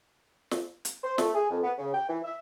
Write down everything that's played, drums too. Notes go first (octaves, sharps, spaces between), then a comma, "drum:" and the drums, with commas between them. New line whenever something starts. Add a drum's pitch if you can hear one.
drum: snare
drum: hi-hat
C5
A3, drum: snare
G#4
F2
B3
C#3
G5
E3
E5